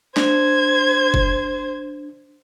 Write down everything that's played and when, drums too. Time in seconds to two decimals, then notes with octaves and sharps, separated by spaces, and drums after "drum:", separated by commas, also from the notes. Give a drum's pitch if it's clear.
0.17 D4 C5 G#6, drum: snare
1.14 drum: kick F#1